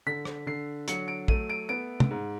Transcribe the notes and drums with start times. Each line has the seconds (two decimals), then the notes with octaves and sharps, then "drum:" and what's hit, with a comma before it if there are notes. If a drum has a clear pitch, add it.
0.06 D3 B6
0.25 drum: rim click
0.46 D3 C7
0.88 F#3 C#7, drum: hi-hat
1.08 D7
1.28 A3 D#7, drum: kick
1.49 D7
1.69 B3 D7
2.00 drum: tom
2.11 G#2